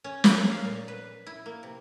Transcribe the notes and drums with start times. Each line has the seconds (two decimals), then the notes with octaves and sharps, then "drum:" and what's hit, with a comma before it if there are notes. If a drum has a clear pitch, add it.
0.04 C#4
0.24 F3, drum: snare
0.37 A#3
0.52 F5
0.65 A#2
0.88 B4
1.27 E4
1.46 A#3
1.63 C3